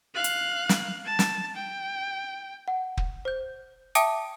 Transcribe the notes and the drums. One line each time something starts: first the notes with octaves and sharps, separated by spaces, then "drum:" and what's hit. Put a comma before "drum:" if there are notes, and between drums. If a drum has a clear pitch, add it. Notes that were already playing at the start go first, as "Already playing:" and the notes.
F5 F#6
drum: hi-hat
drum: snare
A5
drum: snare
G5
F#5
drum: kick
C5 G6
E5 G5 A5 D6 D#6 D7, drum: hi-hat